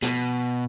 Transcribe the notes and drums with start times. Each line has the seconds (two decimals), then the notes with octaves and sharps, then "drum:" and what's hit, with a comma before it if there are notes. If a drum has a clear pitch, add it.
0.02 B2, drum: snare